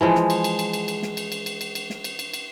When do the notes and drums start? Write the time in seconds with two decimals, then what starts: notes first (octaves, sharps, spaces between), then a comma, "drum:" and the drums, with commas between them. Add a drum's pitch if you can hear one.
0.01 E3 F3 G#3
0.15 drum: snare
0.30 drum: cymbal
0.44 drum: cymbal
0.59 drum: cymbal
0.73 drum: cymbal
0.88 drum: cymbal
1.03 drum: snare
1.17 drum: cymbal
1.32 drum: cymbal
1.46 drum: cymbal
1.61 drum: cymbal
1.75 drum: cymbal
1.90 drum: snare
2.04 drum: cymbal
2.19 drum: cymbal
2.34 drum: cymbal